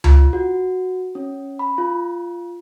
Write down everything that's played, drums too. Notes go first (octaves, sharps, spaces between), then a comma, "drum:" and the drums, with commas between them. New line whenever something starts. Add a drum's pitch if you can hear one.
F4, drum: tom C#2
F#4
C#4
B5
F4